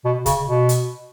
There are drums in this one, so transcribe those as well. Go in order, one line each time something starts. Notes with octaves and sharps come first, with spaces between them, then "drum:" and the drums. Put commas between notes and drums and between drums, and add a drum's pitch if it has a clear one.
B2
C#3, drum: kick, hi-hat
B2
drum: hi-hat